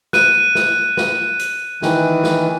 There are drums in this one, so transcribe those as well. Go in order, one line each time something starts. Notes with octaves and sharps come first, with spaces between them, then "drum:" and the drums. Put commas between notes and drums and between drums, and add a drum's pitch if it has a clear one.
F#6 D#7, drum: snare
drum: snare
drum: snare
drum: hi-hat
D#3 E3, drum: snare
drum: snare